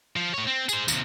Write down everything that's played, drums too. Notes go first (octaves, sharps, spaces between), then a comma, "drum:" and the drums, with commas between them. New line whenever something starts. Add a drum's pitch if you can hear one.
F3
A2 C#5
C4
G#4 C5, drum: tambourine
D#2 C3, drum: tambourine